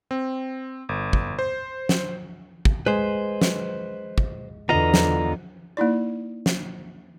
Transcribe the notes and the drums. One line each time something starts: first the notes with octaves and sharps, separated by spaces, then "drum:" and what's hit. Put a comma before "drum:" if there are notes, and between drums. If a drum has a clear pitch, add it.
C4
G1
drum: kick
C5
drum: snare
drum: kick
G#3 B4 C5
drum: snare
drum: kick
E2 D3 B3 F4 D#5 A#5
drum: snare
A#3 D#4 E4 D5
drum: snare